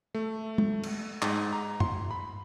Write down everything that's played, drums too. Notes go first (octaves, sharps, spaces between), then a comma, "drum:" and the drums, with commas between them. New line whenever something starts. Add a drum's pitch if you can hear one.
A3
drum: tom G#3
drum: cymbal
G#2, drum: clap
A#5
C6, drum: tom G2
B5